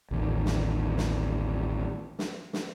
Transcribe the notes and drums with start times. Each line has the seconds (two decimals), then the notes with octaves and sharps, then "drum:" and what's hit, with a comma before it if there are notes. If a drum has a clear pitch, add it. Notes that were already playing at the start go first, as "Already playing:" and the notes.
0.11 A1 D#2
0.45 drum: snare
0.97 drum: snare
2.19 drum: snare
2.53 drum: snare